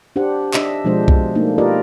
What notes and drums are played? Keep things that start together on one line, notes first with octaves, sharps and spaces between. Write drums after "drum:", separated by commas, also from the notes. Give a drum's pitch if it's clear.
D4 G4 C5 F#5
D4 D#5 E5, drum: clap
B2 F3 G#3 D4 C5
drum: kick B1
A3 A#3 D4 D#4
F4 G4 A#4 B4 D5 D#5